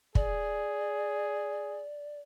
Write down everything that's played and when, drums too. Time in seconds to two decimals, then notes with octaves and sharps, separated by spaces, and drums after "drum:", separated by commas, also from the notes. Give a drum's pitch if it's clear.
0.15 G#4 D5, drum: kick